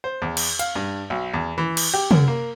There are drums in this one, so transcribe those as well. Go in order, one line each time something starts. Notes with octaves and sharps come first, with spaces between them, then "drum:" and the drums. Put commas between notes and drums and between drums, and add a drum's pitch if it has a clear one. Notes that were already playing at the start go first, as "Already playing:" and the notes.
C5
E2
drum: cymbal
F5, drum: hi-hat
G2
B1
E2
E3
drum: cymbal
G4
F#2, drum: tom
A#3